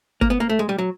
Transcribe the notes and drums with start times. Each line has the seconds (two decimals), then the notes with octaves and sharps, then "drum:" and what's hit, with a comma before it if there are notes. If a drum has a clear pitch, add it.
0.21 A#3, drum: kick
0.30 B3
0.40 A#3
0.49 A3
0.59 G#3
0.69 G3
0.78 F#3